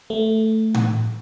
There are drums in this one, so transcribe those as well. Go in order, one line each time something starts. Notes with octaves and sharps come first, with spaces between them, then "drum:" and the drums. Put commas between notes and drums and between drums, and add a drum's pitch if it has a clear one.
A3
drum: tom A2